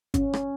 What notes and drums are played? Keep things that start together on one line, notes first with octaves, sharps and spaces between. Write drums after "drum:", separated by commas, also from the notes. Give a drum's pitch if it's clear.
C#4, drum: kick G1, hi-hat
drum: rim click